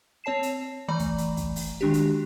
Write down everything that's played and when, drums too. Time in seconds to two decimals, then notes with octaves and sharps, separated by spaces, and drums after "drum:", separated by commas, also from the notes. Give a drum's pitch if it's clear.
0.24 C4 C#5 A5 C7 E7
0.43 drum: hi-hat
0.88 E3 A3 D5 A#5 B5
0.99 drum: kick, hi-hat
1.18 drum: hi-hat
1.37 drum: kick, hi-hat
1.56 drum: open hi-hat
1.81 D#3 G#3 D4 F#4 G4
1.93 drum: hi-hat